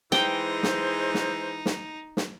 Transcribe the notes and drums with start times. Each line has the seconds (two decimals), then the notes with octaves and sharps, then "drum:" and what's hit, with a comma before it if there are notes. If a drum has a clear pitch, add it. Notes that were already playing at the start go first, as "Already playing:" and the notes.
0.12 E3 G#3 D#4 C5 G5, drum: snare
0.63 drum: snare
1.14 drum: snare
1.66 drum: snare
2.17 drum: snare